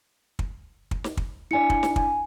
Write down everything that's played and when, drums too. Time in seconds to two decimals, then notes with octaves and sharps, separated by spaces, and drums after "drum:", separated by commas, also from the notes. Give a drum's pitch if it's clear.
0.39 drum: kick
0.91 drum: kick
1.04 drum: snare
1.17 drum: kick
1.51 D4 E4 G#5 C#7
1.70 drum: kick
1.83 drum: snare
1.96 G#5, drum: kick